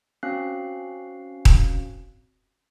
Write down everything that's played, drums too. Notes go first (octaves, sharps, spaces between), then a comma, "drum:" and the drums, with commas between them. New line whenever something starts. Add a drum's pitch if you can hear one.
C4 C#4 F#4 F5 F#6 C7
drum: kick D#1